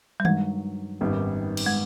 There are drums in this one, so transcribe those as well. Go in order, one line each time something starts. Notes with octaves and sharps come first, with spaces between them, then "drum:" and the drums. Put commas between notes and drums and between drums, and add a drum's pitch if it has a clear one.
G3
G2 D#3 F#3 G#3, drum: tom D#3
G#1 F#2 D#3 G3 B3
drum: cymbal
G#3